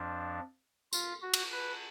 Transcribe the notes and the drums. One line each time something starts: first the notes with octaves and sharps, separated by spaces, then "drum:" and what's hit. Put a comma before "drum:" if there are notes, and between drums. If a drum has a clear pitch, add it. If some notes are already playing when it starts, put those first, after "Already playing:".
Already playing: F2 F3 D4
F4, drum: tambourine
F#4
drum: cymbal
B4